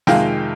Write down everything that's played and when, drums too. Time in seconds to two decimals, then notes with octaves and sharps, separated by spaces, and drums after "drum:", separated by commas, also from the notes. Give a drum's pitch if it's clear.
0.07 F2 C3 D#3 G#3 F5 G5, drum: snare